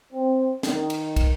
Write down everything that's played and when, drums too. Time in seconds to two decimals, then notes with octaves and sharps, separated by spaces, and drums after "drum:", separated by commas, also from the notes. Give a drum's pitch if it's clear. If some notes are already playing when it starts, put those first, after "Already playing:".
0.12 C4
0.63 D#3, drum: snare
0.90 drum: cymbal
1.16 drum: kick, cymbal